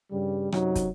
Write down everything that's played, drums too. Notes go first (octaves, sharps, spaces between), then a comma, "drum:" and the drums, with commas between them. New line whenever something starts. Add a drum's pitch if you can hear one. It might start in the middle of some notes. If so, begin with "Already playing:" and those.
G2 C#3 G3
F#2 C3 F#3 D#4, drum: rim click
drum: kick, hi-hat